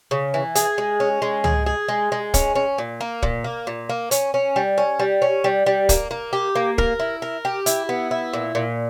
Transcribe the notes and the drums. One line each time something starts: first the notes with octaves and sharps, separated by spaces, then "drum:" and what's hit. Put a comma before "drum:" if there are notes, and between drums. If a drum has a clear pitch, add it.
C#3
E3
G#4, drum: hi-hat
G#3
C#4
G#3
G#4, drum: tom C#2
G#4
G#3
G#3
C#4, drum: kick, hi-hat
C#4
A#2
A#3
A#2, drum: kick
A#3
A#2
A#3
C#4, drum: hi-hat
C#4
G3
C#4
G3
C#4
G3
G3
A#3, drum: kick, hi-hat
A#3
G4
A#3
A#4, drum: kick
E4
A#4
G4
E4, drum: hi-hat
B3
E4
A#2
A#2